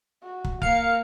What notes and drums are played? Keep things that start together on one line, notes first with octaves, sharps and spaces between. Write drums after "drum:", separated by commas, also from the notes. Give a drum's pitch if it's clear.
F#4
drum: kick
A#3 F5 C#7, drum: kick